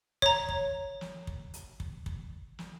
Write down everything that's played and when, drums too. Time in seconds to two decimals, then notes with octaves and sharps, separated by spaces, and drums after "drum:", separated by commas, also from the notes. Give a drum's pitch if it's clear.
0.22 C#5 A#5, drum: kick
0.49 drum: kick
1.01 drum: snare
1.27 drum: kick
1.54 drum: hi-hat
1.80 drum: kick
2.06 drum: kick
2.59 drum: snare